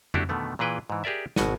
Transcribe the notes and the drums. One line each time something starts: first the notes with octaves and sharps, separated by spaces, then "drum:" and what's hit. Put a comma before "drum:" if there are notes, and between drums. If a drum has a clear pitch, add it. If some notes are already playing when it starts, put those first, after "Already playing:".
A3 D4 E4 F#4 G4, drum: tom F2
B2 D3 D#3 A3 B3
A#2 E3 G#4 B4 G5
G#2 E3
G4 G#4 A#4 D5 E5
G#1 B2 F#4 G#5, drum: snare